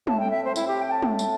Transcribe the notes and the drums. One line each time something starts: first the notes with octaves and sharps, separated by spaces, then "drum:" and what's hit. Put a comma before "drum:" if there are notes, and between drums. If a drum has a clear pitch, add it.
A2 A3 C4 A5, drum: tom
G5
E5
C5
E4, drum: tambourine
G4
G5
A5
A5, drum: tom
drum: tambourine